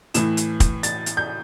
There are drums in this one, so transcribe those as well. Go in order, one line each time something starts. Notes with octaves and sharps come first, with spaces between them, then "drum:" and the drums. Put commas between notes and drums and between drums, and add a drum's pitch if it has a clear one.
A2 E3 E7, drum: hi-hat
drum: hi-hat
drum: kick, hi-hat
A6, drum: hi-hat
drum: hi-hat
G6